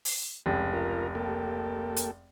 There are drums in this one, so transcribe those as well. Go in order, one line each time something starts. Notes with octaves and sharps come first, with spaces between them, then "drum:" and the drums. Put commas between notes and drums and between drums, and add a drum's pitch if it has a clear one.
drum: open hi-hat
F1 C#2
F4 A#4
A#3 G4 A4
drum: hi-hat